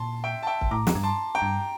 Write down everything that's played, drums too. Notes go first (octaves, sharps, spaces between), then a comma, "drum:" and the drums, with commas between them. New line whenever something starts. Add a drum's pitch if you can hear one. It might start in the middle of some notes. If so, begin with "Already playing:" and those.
Already playing: A#2 A5 C6
E5 G5
A5
E5 G5
drum: kick C#1
A2 A#5 D6
F2, drum: snare
G2
A5 C6
G5 A#5
G2